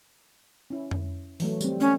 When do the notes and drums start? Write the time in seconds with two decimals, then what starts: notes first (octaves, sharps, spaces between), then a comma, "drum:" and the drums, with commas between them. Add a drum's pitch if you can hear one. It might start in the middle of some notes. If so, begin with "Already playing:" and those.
0.70 C#4 E4
0.91 drum: tom F2
1.40 E3 F#3 A3, drum: open hi-hat
1.61 G3 C4, drum: tambourine
1.80 A3 C#4